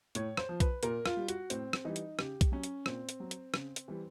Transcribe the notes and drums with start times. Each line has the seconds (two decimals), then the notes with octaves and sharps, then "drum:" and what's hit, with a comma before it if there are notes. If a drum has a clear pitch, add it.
0.15 A2 C#5, drum: hi-hat
0.37 C5, drum: rim click
0.49 F3
0.60 B4, drum: kick B1, hi-hat
0.83 A#2 A#4, drum: hi-hat
1.06 F4, drum: rim click
1.17 G3
1.28 F#4, drum: hi-hat
1.50 A2 C4, drum: hi-hat
1.73 drum: rim click
1.85 E3 G3 D#4
1.96 drum: hi-hat
2.19 C#3 G4, drum: rim click
2.41 drum: kick B1, hi-hat
2.52 F#3 C#4
2.64 drum: hi-hat
2.86 A#2 C4, drum: rim click
3.09 drum: hi-hat
3.20 F#3
3.31 drum: hi-hat
3.54 C#3, drum: rim click
3.76 drum: hi-hat
3.88 E3 G3